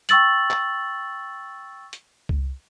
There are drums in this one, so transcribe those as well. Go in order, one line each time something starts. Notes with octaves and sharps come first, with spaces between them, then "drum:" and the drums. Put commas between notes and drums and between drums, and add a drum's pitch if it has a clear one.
G5 C#6 E6 A6 F#7, drum: hi-hat
drum: clap
drum: hi-hat
drum: kick C2